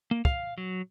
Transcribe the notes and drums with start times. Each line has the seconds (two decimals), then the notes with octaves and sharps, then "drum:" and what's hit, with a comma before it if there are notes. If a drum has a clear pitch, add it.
0.11 A#3
0.25 F5, drum: kick
0.58 F#3